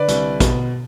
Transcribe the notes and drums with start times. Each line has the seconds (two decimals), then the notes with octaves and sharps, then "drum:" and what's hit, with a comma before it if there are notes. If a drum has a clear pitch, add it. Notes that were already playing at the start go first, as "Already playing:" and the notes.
Already playing: D3 B4 D5
0.08 C2, drum: hi-hat
0.40 B2, drum: kick, hi-hat